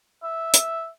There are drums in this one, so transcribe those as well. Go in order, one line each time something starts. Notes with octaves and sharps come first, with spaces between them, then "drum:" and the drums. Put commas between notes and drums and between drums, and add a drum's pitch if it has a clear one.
E5
drum: hi-hat